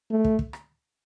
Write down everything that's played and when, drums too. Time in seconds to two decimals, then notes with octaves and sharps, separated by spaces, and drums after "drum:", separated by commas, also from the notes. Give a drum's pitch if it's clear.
0.11 A3
0.25 drum: kick
0.39 drum: kick
0.53 drum: rim click